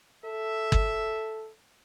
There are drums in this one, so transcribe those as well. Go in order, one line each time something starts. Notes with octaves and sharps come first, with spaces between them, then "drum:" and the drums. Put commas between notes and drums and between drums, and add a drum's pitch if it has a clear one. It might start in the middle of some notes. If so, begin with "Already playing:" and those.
A4 E5
drum: kick